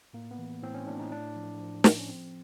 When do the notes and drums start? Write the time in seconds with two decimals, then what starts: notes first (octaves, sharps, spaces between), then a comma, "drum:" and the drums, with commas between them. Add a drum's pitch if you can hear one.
0.13 A2 A#3
0.31 B3
0.38 E3
0.63 A2 C4
0.74 C#4
0.87 A2 D4
0.99 D#4
1.11 A2 D4
1.36 F3
1.60 F3
1.84 F3, drum: snare
1.99 C#4
2.08 F3 C4